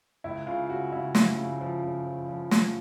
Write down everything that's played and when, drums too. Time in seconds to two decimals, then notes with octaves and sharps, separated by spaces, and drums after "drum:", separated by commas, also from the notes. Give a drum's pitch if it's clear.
0.24 C#2 E4
0.47 C#3 F4
0.70 C#3 F#4
0.92 C#3 E4
1.15 F3 E4, drum: snare
1.37 C#3
1.61 F3
1.83 C#3
2.05 F3
2.28 F3
2.51 F3, drum: snare